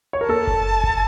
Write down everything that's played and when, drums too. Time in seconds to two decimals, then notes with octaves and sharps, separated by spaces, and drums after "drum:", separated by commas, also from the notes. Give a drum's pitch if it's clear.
0.13 C#5
0.21 A#4
0.29 A4 A5, drum: tom A#3
0.47 drum: kick F#1
0.84 drum: kick F#1